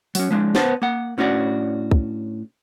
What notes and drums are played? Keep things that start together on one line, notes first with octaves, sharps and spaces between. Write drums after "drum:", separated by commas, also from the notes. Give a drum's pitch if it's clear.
F#3 C#4, drum: open hi-hat
F3 G#3 D4
B3 C5 A5, drum: snare
A#3 F#5
A2 C#4 D4 F#4 D5
drum: kick